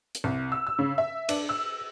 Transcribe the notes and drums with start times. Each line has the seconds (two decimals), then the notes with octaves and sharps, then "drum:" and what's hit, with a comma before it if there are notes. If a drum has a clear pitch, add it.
0.15 drum: hi-hat
0.24 C2
0.52 E6
0.67 E6
0.79 C#3
0.98 E5
1.29 D4, drum: cymbal
1.49 E6